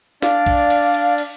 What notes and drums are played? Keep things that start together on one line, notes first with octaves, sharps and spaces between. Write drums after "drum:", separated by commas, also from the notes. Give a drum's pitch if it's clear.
D4 D5 F5 F6, drum: snare
drum: kick A1, cymbal
drum: cymbal
drum: cymbal
drum: cymbal